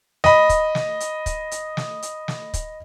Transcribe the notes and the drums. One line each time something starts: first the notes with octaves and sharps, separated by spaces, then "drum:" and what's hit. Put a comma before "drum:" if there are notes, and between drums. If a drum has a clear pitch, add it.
D#5 B5, drum: snare
drum: kick, hi-hat
drum: snare
drum: hi-hat
drum: kick, hi-hat
drum: hi-hat
drum: snare
drum: hi-hat
drum: snare
drum: kick, hi-hat